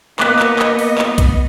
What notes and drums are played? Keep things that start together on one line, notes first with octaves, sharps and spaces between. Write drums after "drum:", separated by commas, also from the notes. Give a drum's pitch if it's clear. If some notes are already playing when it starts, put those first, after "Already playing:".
A#3 B3 D#5 D6 F#6 B6, drum: clap
drum: clap
drum: clap
drum: open hi-hat
drum: clap
drum: kick B1, hi-hat